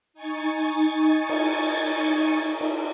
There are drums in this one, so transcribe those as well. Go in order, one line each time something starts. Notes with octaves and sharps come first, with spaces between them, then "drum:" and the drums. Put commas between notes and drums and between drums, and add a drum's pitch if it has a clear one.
D#4 G#5 C#6 A6
drum: cymbal
drum: cymbal